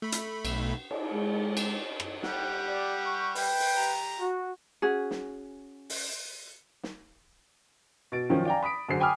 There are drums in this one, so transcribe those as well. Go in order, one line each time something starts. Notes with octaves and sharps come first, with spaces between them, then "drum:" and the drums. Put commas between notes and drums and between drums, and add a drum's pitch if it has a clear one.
A3 B5
drum: hi-hat
B1, drum: cymbal
drum: cymbal
G#3
drum: cymbal
drum: rim click
G3 G4 F#5, drum: snare
D5
C#6
B4 G5, drum: open hi-hat
drum: open hi-hat
G4 A#5
F#4
C#4 F#4 G#4
drum: snare
drum: open hi-hat
drum: snare
B2 A6 D7
F#2 D#3 F3 C#4
D5 F5 G5 G#5 A#5
B5 D#6 B6 D7
F#2 D3 G#4 C5 C7
G5 G#5 B5 D6 D#6 F6